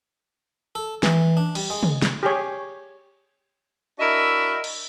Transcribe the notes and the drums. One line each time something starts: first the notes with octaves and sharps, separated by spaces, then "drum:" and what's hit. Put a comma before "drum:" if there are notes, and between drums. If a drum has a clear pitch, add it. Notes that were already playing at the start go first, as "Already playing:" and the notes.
A4
E3, drum: snare
D4
G3, drum: cymbal
G#3
drum: tom
drum: snare
G4 G#4 C#5
D4 E4 F#4 A#4 D#5 E5
drum: cymbal